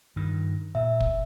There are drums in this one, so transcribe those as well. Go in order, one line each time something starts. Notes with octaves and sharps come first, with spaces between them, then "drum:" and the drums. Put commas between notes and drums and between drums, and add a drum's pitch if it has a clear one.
G2 D#3
A#2 E5
drum: kick